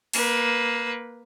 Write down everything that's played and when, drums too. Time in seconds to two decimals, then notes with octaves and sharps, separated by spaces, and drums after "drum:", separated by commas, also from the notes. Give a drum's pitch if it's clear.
0.13 A#3 B4, drum: open hi-hat